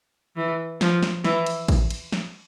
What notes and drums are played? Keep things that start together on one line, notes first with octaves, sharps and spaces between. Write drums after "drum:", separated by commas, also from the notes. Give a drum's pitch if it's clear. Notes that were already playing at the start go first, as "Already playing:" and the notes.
E3
F3, drum: snare
drum: snare
E3, drum: snare
drum: cymbal
drum: kick, cymbal
drum: cymbal
drum: snare